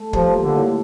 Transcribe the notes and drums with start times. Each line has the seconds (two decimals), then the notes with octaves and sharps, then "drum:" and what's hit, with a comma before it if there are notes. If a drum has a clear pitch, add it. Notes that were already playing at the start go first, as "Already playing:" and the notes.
Already playing: A3
0.13 G2 F3 G3, drum: kick
0.34 A#2 A#3
0.42 D3
0.56 A2 A3